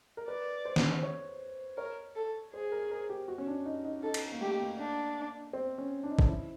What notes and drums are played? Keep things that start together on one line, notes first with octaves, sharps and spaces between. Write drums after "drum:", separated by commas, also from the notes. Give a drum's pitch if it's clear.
A#4
B4 D5
C5
drum: snare
C5
C#5
A#4 C#5
A4
G#4 C5
A#4
A#4
G4
F#4
C#4
D4
D#4
D#4
D#4 A4
drum: cymbal
A#3
A3 G4
A#3
D4
C4
C#4
D4
D#4
D4, drum: kick
E4